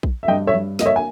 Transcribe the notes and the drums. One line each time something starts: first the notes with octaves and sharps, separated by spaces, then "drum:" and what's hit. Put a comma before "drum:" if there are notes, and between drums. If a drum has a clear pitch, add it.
drum: kick A#1
E5
G2 D#5 G5
C#5 E5
G2
A#3 D#5, drum: snare
C#5 E5
G#5